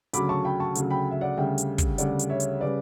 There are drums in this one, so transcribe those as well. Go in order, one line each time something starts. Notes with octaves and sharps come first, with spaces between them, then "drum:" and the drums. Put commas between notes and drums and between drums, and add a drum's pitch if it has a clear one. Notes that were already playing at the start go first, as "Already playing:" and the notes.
D2 C#3 F#3 B5 D6, drum: hi-hat
A5 C#6
G5 B5
A5 C#6
D2 C#3 F#3, drum: hi-hat
G5 B5
E5
D5 F#5
D2 C#3 G3 E5 G5
drum: hi-hat
drum: kick, hi-hat
D2 C#3 G3 D5 F#5, drum: hi-hat
drum: hi-hat
C#5 E5
drum: hi-hat
C#3 G3 B4 D5